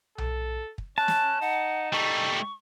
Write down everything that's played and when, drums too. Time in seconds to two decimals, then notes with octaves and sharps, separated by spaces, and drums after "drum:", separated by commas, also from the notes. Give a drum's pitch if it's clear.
0.18 A4, drum: tom B1
0.78 drum: kick
0.98 C#4 A5 F#6
1.08 drum: snare
1.41 D#4 F#5
1.93 G3 A3 C#6